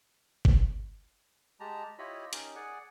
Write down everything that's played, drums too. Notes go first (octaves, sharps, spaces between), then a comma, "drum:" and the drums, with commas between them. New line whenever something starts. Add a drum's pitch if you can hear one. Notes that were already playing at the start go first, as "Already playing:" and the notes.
drum: kick G1
G#3 G4 A5 A#5
E4 F4 G4 C#5 D#5 B5
C#4 D#4 G4 A#4, drum: hi-hat
G#4 D5 F#5 G#5